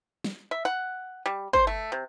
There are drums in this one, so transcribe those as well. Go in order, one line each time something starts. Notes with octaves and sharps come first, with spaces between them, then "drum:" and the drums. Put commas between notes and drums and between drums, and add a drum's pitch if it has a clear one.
drum: snare
E5
F#5
G3
C5, drum: kick
A3
C3